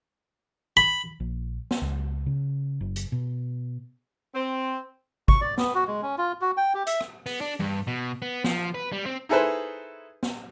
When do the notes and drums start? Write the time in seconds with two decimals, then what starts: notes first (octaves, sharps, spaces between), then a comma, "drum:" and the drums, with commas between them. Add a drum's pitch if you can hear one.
0.77 B5
1.20 A#1
1.71 drum: snare
1.82 C#2
2.26 C#3
2.81 F#1
2.96 drum: hi-hat
3.12 B2
4.34 C4
5.28 C#6, drum: kick
5.41 D5
5.58 B3, drum: snare
5.75 F#4
5.88 G#3
6.02 C#4
6.18 F4
6.41 F#4
6.57 G5
6.74 G4
6.87 E5, drum: hi-hat
7.01 drum: rim click
7.26 B3, drum: open hi-hat
7.41 D4
7.60 G2, drum: tom E3
7.87 B2
8.22 B3
8.44 F3, drum: snare
8.74 B4
8.92 G3
9.06 C4
9.29 D#4 E4 G#4 A4 B4 C5
10.23 drum: snare